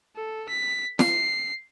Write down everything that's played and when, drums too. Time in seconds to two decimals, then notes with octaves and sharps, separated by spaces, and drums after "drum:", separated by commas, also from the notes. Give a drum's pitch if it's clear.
0.16 A4
0.49 B6
0.99 C7, drum: snare